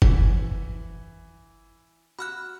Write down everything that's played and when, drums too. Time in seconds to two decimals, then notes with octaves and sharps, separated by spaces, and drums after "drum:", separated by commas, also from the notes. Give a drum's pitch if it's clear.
0.02 E3 F#5, drum: kick G1
2.19 F#4 B5 F6 F#6